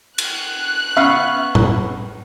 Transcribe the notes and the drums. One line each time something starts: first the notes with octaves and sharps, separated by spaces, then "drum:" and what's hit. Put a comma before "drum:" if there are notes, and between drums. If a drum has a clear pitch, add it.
F#6, drum: cymbal
B3 C#4 B4 E5 F5
drum: tom A2